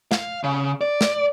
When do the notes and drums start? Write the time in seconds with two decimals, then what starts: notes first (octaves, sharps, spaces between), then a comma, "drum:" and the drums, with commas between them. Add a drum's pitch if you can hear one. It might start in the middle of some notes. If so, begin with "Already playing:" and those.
0.12 F5, drum: snare
0.44 C#3
0.81 D5
1.01 drum: snare